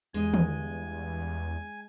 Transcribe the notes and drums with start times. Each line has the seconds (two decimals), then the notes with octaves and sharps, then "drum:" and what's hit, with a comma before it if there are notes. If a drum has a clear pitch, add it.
0.14 E2 G2 G#3 D#5 G#5
0.34 drum: tom